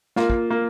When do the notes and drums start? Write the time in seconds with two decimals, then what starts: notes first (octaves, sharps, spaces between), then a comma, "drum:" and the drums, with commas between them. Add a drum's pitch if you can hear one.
0.16 A#3 F4, drum: snare
0.30 drum: kick
0.50 A#3